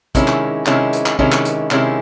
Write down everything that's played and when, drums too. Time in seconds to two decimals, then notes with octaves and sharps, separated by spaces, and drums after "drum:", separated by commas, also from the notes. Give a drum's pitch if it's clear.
0.15 C3 D#3 G#3 C#4 E4, drum: kick, hi-hat
0.28 drum: clap
0.66 C3 D#3 G#3 C#4 E4, drum: clap
0.93 drum: hi-hat
1.06 drum: clap
1.19 C3 D#3 G#3 C#4 E4, drum: kick
1.32 drum: clap
1.45 drum: hi-hat
1.71 C3 D#3 G#3 C#4 E4, drum: clap